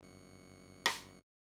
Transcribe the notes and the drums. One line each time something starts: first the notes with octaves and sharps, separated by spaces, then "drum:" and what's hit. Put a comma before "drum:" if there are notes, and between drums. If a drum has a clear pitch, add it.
G1 F#2 C#7
drum: rim click